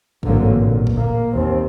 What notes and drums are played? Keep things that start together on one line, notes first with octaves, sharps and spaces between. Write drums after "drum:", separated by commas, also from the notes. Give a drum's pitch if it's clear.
A1 G#2 D3 F#3 A#3 C4, drum: kick
A#2
drum: kick
A#3
D#2 C4